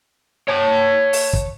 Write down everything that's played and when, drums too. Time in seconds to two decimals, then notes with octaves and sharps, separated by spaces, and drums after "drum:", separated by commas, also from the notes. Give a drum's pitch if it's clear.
0.48 C#5 A5
1.13 drum: open hi-hat
1.33 drum: kick